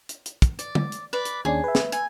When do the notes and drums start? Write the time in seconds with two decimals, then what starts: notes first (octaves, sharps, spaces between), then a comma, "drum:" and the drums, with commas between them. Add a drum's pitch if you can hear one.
0.09 drum: hi-hat
0.26 drum: hi-hat
0.42 drum: kick, hi-hat
0.59 D5, drum: hi-hat
0.75 drum: tom
0.92 drum: hi-hat
1.13 B4 D5
1.25 drum: hi-hat
1.45 D#2 C#4 D4 G#4
1.64 B4 E5
1.75 drum: snare
1.92 G#5, drum: hi-hat